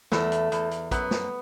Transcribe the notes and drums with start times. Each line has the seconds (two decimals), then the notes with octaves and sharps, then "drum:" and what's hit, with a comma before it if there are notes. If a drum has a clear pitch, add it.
0.12 E2 A3, drum: snare
0.32 drum: hi-hat
0.52 E2, drum: hi-hat
0.71 drum: hi-hat
0.91 F#2 B3, drum: kick, hi-hat
1.11 drum: snare